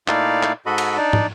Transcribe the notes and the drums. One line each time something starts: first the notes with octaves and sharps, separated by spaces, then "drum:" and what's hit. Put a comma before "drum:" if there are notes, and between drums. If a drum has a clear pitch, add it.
A#2 A3 D#4 E4 D5 F5, drum: clap
drum: clap
G#2 F#4 A4 D#5 B5
drum: cymbal
D4 D#4 D5
drum: tom